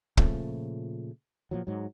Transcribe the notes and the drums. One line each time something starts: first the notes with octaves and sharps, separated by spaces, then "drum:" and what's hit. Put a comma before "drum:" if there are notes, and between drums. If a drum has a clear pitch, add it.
A#2 C#3 F3 A3, drum: kick
A#2 F3 F#3
G#2 F#3